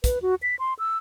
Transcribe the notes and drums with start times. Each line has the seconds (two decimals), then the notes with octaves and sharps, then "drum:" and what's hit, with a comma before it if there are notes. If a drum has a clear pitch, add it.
0.04 B4, drum: kick, hi-hat
0.22 F#4
0.43 B6
0.59 C6
0.79 E6